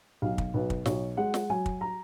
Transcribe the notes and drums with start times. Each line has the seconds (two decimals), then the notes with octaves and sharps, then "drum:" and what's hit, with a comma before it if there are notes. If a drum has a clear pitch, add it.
0.22 B1 F5
0.38 drum: kick
0.54 B1 B4
0.70 drum: kick
0.86 B1 C#5, drum: snare
1.17 G#3 F#5
1.34 drum: snare
1.50 F#3 G#5
1.66 drum: kick
1.81 A#5